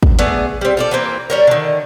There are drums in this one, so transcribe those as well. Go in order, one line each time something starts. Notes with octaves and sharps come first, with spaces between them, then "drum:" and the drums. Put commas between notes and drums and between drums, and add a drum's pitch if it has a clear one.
drum: kick
A3 B3 G#4 D5, drum: hi-hat
G3 C4
F4 A4 D5
E3 A#3 C4
G3 C#4 A#4
D3 D#3